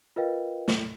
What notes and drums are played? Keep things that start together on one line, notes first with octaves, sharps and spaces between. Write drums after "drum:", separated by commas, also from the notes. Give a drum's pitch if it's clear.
F4 A#4 B4 D#5 F5 G5
drum: snare